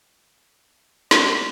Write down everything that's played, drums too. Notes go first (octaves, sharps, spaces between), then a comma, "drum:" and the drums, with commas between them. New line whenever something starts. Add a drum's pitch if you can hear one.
G#3 D5, drum: snare